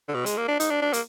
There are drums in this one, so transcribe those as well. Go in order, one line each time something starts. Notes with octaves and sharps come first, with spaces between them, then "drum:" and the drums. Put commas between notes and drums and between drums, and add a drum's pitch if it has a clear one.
D3
B2
G#3, drum: hi-hat
A#3
D4
D#4, drum: hi-hat
D4
D4
A#3, drum: hi-hat